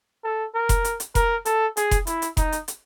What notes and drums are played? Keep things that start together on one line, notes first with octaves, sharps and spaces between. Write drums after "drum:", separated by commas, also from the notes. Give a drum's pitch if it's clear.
A4
A#4
drum: kick F1, hi-hat
drum: hi-hat
drum: hi-hat
A#4, drum: kick F1, hi-hat
A4, drum: hi-hat
G#4, drum: hi-hat
drum: kick F1, hi-hat
E4, drum: hi-hat
drum: hi-hat
D#4, drum: kick F1, hi-hat
drum: hi-hat
drum: hi-hat